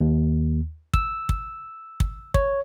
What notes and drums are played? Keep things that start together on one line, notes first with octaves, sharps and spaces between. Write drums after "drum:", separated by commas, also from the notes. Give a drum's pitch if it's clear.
D#2
E6, drum: kick
drum: kick
drum: kick
C#5, drum: kick